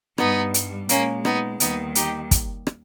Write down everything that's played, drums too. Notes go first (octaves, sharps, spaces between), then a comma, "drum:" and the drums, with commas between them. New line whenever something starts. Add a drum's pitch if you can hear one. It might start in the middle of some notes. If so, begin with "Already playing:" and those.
G2 G3 B3 D#4, drum: rim click
drum: hi-hat
A#2 G#3 A#3 C#4, drum: hi-hat
B3 D#4, drum: rim click
D#2 D#3 G3 B3 D#4, drum: hi-hat
D#4 G4, drum: hi-hat
drum: kick, hi-hat
drum: rim click